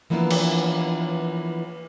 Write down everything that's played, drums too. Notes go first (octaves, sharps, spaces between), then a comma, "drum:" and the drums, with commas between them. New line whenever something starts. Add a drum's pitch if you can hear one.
E3 F3 A#3 B3 D4 E4
drum: cymbal